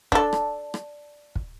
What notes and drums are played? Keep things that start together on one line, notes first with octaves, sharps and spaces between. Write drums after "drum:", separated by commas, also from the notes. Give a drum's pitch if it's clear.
D4 A4, drum: kick
drum: rim click
drum: rim click
drum: kick